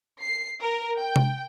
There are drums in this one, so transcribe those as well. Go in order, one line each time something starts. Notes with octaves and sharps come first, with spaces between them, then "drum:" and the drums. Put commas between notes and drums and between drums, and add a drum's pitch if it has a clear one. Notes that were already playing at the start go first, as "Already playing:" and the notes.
C7
A#4
G5
drum: tom C3